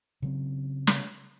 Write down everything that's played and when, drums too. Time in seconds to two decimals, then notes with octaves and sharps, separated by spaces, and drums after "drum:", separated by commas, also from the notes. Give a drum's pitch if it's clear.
0.22 C#3 F#3 C4
0.87 drum: snare